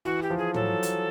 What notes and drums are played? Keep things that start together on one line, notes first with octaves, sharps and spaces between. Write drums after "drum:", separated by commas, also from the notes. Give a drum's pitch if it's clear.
E3 F#4
G4
F3
G#4
F#3 A4, drum: tom
drum: hi-hat